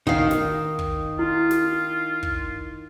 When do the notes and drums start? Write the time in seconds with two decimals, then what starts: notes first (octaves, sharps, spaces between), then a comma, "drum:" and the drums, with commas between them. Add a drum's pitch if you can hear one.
0.07 D#3 D#4 F5, drum: kick
0.31 drum: snare
0.79 drum: kick
1.19 E4 F4
1.51 drum: snare
2.23 drum: kick